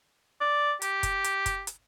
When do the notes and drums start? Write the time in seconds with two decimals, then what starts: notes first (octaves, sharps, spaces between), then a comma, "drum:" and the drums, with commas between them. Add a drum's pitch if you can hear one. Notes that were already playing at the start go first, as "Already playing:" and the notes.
0.40 D5
0.82 G4, drum: hi-hat
1.03 drum: kick, hi-hat
1.24 drum: hi-hat
1.46 drum: kick, hi-hat
1.67 drum: hi-hat